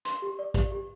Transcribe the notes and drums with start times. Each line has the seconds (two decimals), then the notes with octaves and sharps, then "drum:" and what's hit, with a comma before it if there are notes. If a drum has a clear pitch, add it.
0.05 C6, drum: hi-hat
0.22 G4
0.39 D5
0.54 G4, drum: kick A1, hi-hat
0.72 G4